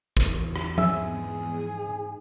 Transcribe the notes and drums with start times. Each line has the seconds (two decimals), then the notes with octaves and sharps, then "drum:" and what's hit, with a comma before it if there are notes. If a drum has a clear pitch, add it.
0.17 E2, drum: kick
0.56 drum: rim click
0.78 G#2 G#4 E5, drum: tom F3